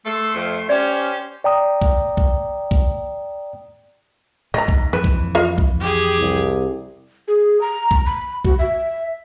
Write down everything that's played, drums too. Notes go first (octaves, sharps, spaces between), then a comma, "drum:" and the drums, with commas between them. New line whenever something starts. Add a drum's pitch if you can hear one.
A3 A4 C6
F2
C#4 G4 C5 D5
D5 G5 A#5 D#6
drum: kick B1
drum: kick B1
drum: kick B1
G#2 D#5 A#5
drum: kick B1
F2 E3 B4
drum: kick B1
F4 D#5 F5
drum: kick B1
G4 G#4
C2
G#4
A#5
drum: kick B1
B5
F#4, drum: kick B1
E5